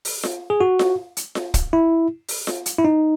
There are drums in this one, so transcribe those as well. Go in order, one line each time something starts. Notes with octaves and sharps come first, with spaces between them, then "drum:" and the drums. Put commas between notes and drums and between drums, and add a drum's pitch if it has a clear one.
drum: open hi-hat
drum: snare F4
G#4
F#4
drum: snare F4
drum: hi-hat
drum: snare F4
drum: kick, hi-hat
E4
drum: open hi-hat
drum: snare F4
drum: hi-hat
E4
D#4